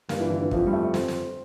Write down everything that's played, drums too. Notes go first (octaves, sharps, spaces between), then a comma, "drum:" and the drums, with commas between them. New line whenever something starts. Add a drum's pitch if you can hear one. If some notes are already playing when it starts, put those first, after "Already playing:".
G2 A#3, drum: snare
E3
D3
E3
F2 F3, drum: kick
G3
A3
C4, drum: snare
drum: snare